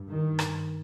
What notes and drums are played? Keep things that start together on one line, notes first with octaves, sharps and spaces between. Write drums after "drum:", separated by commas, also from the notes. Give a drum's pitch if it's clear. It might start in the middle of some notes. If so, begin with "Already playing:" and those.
Already playing: G2
D#3
drum: rim click